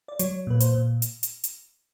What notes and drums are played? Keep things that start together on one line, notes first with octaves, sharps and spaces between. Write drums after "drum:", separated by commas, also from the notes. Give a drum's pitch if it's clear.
D5
F#3 C#5, drum: hi-hat
A#2 B4
C5, drum: hi-hat
A#2
drum: hi-hat
drum: hi-hat
drum: hi-hat